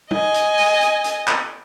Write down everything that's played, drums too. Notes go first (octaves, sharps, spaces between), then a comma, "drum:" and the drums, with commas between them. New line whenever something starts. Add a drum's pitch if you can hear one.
D#5 G#5, drum: tom
drum: hi-hat
drum: open hi-hat
drum: hi-hat
drum: hi-hat
drum: clap